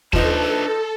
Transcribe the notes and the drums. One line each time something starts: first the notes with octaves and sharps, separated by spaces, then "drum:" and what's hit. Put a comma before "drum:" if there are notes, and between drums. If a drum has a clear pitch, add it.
F3 D4 D#4 A4 B4 C5 A5, drum: kick D#2